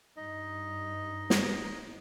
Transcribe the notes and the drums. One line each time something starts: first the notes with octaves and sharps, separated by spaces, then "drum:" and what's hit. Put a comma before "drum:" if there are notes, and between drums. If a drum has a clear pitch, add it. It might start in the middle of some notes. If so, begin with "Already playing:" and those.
G2 D#4 D#5
drum: snare